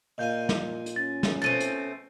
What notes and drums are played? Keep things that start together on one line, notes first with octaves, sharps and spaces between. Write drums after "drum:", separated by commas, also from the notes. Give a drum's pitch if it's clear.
A#2 F4 D#5 G#5 G6
drum: snare
drum: hi-hat
C#4 A6
drum: snare
B2 A3 C4 A6 D#7
drum: hi-hat